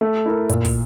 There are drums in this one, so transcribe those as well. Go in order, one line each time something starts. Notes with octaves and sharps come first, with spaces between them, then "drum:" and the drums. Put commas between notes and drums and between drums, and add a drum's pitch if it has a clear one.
A3
E4 A#4
A#2, drum: hi-hat
drum: kick, open hi-hat